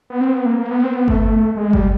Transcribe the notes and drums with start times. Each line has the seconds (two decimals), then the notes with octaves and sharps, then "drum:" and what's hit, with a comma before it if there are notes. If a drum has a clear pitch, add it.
0.10 B3
0.21 C4
0.33 B3
0.46 A#3
0.59 A#3
0.71 B3
0.84 C4
0.96 B3
1.08 A3, drum: kick G1
1.56 G#3
1.73 G3, drum: kick G1